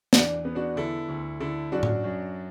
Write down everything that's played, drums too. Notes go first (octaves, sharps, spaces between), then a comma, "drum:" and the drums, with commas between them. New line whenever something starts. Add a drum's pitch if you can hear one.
E2 D4, drum: snare
B3
D4 F#4
D3 E4 A4
D2
D3 E4 A4
F#2 D4 F#4
drum: tom A2
F#2